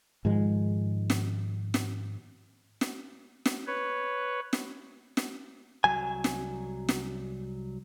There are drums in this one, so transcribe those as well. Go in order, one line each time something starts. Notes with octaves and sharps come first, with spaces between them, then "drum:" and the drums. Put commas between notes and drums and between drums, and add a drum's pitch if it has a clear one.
G#2 D#3 F3 G#3
drum: snare
drum: snare
drum: snare
drum: snare
B4 C#5
drum: snare
drum: snare
C2 F#3 G#5
drum: snare
drum: snare